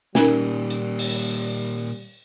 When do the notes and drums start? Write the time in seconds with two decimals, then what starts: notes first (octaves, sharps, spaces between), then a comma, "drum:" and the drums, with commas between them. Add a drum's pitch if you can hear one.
0.15 A#2 D#3 G3 C#4 D#4 A#4, drum: snare
0.70 drum: hi-hat
0.99 drum: open hi-hat